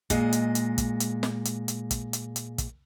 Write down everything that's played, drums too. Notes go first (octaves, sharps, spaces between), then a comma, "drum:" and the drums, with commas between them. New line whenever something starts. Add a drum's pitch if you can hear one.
A#2 G#3 D#5, drum: kick, hi-hat
drum: hi-hat
drum: hi-hat
drum: kick, hi-hat
drum: hi-hat
drum: snare
drum: hi-hat
drum: hi-hat
drum: kick, hi-hat
drum: hi-hat
drum: hi-hat
drum: kick, hi-hat